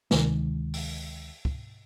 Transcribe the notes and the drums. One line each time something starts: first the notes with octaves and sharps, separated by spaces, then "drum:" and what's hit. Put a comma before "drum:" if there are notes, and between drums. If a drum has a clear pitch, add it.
D2 C3 D#3 G#3, drum: snare
drum: open hi-hat
drum: kick